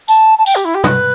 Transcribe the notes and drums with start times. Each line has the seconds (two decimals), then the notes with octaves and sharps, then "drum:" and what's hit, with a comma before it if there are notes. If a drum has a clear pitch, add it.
0.08 A5, drum: tambourine
0.38 A5
0.46 G5, drum: tambourine
0.55 G4
0.65 E4
0.75 G4
0.84 B4, drum: tom